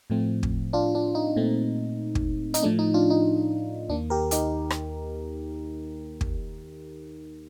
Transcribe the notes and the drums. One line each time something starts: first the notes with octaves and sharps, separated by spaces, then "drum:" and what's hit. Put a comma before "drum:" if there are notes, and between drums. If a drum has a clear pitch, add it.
A2 F3 A3 C4
drum: kick
D4 F4
D4
D#4
A#2 A3 C4
drum: kick
D#4, drum: hi-hat
A2 F3 A3 D4
D#4
D4 F4
D#4
D#2 D#3 A#3 D4
G4 A#4
D#4 G4, drum: hi-hat
drum: rim click
drum: kick